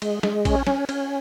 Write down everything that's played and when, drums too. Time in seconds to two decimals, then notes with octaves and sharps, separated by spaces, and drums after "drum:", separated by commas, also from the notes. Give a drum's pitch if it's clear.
0.02 G#3, drum: cymbal
0.23 G#3, drum: snare
0.45 C#4, drum: kick A#1, cymbal
0.67 C#4, drum: snare
0.89 C#4, drum: cymbal